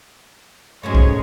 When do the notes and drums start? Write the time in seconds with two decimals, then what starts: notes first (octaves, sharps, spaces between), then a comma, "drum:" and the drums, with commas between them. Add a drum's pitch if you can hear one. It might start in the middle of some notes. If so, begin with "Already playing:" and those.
0.83 G#2 B2 G#3 A3 C#4 C#5
0.95 drum: kick